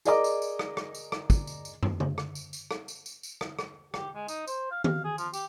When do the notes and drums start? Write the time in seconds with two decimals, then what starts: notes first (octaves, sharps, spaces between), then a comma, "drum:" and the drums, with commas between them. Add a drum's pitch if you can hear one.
0.05 G#4 A#4 D5 D#5 A#5 D6, drum: tambourine
0.24 drum: tambourine
0.42 drum: tambourine
0.59 drum: rim click
0.77 drum: rim click
0.95 drum: tambourine
1.12 drum: rim click
1.30 drum: kick, tambourine
1.47 drum: tambourine
1.65 drum: tambourine
1.83 drum: tom
2.00 drum: tom
2.18 drum: rim click
2.35 drum: tambourine
2.53 drum: tambourine
2.71 drum: rim click
2.88 drum: tambourine
3.06 drum: tambourine
3.23 drum: tambourine
3.41 drum: rim click
3.59 drum: rim click
3.94 G4, drum: rim click
4.15 G#3
4.28 D#4, drum: tambourine
4.47 C5, drum: tambourine
4.71 F5
4.84 F5, drum: tom
5.04 G#4
5.18 F3, drum: tambourine
5.33 G4, drum: tambourine